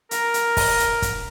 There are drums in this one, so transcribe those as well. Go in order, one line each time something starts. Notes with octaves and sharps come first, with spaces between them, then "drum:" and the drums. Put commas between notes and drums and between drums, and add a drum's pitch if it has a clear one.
A#4, drum: hi-hat
drum: hi-hat
drum: kick, open hi-hat
drum: hi-hat
drum: kick, hi-hat